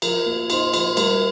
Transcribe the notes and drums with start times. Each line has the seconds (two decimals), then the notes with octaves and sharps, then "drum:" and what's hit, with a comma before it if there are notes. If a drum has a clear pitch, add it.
0.02 F3 A#4 A#5, drum: cymbal
0.26 A#3
0.50 D#4 C5 C6, drum: cymbal
0.73 F3, drum: cymbal
0.97 G3 A#4 A#5, drum: cymbal